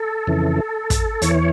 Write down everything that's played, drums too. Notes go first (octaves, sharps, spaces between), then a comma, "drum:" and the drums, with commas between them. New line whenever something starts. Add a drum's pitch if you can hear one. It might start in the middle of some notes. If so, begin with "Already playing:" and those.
Already playing: A4
F2 C#3 E3
drum: kick, hi-hat
E2 E3 C#5, drum: hi-hat